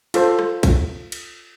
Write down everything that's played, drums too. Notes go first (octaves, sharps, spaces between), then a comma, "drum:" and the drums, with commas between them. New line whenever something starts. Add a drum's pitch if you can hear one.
F4 A4 C5, drum: cymbal
drum: rim click
drum: kick, cymbal
drum: cymbal